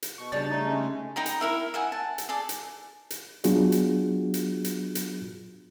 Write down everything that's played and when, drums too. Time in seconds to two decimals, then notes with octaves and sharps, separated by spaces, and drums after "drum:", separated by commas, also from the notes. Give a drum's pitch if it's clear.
0.02 drum: hi-hat
0.18 B2 C#6
0.32 C#3 G3 D4 A6
0.50 A3 D#4
0.68 G#3 A3 C#4
1.16 D#4 G5 A#5 B5
1.26 drum: hi-hat
1.41 E4 A#4 E5
1.74 E5 F#5 G#5
1.92 A5
2.18 drum: hi-hat
2.29 G#4 A4 D5
2.49 drum: hi-hat
3.10 drum: hi-hat
3.44 F#3 B3 D4 F4 F#4 G#4, drum: hi-hat
3.72 drum: hi-hat
4.34 drum: hi-hat
4.64 drum: hi-hat
4.95 drum: hi-hat